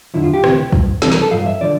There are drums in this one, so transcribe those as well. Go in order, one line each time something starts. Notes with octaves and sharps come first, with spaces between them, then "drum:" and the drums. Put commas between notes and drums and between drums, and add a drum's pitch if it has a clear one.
F2 D3 F3 E4
F4
G4
D2 C3 E3, drum: rim click
G2 F3, drum: kick
C2 C3 E3 A4, drum: snare
A#4, drum: snare
A4
G2 F3 F5
E5
D3 F3 D5